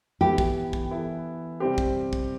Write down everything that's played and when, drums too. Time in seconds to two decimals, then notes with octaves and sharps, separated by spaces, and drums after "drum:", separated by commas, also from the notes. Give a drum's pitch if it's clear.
0.21 E3 B3 E4 G4 A4
0.38 drum: kick
0.73 drum: kick
0.91 E3 B3 E4 A4
1.60 C3 G3 C4 G4
1.78 drum: kick
2.13 drum: kick